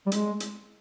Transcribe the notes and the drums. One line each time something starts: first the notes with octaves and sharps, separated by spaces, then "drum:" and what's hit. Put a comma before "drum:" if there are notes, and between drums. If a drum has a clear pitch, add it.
G3
G#3, drum: hi-hat
drum: hi-hat